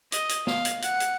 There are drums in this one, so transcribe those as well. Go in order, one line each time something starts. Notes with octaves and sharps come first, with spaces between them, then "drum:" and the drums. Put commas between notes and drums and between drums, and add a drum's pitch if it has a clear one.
D#5, drum: hi-hat
drum: hi-hat
F5, drum: snare
drum: hi-hat
F#5, drum: hi-hat
drum: hi-hat